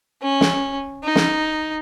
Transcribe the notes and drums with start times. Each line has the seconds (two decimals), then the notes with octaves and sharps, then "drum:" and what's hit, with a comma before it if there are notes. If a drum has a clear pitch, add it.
0.22 C#4
0.41 drum: snare
1.04 D#4
1.15 drum: snare